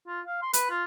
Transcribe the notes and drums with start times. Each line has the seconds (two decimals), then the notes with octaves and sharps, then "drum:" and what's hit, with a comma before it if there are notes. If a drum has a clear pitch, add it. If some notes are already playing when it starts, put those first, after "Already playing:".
0.07 F4
0.26 F5
0.42 C6
0.53 B4, drum: hi-hat
0.70 F4